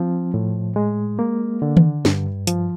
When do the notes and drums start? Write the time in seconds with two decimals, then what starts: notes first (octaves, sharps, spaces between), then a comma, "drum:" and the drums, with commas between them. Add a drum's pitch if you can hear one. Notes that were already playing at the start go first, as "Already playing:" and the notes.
Already playing: F3 C4
0.34 A2
0.76 G#3
1.19 A#3
1.62 D3
1.77 drum: tom D#3
2.05 G2, drum: snare
2.47 F3, drum: hi-hat